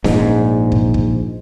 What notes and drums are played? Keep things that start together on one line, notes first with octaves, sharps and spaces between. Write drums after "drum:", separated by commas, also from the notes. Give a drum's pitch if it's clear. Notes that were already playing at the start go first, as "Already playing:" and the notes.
A#1 G#2, drum: snare C#4
drum: kick
drum: kick